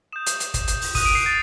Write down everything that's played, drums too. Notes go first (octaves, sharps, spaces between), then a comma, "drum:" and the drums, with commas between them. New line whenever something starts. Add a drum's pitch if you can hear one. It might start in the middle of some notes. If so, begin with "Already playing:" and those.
D#6 G6 E7
drum: hi-hat
drum: hi-hat
drum: kick, hi-hat
drum: hi-hat
drum: open hi-hat
D#6 F#6 D#7, drum: kick, open hi-hat
D7
C7
A6